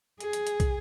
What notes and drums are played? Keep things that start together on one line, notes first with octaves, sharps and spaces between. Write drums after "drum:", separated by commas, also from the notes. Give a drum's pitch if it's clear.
G#4, drum: hi-hat
drum: hi-hat
drum: hi-hat
drum: kick, hi-hat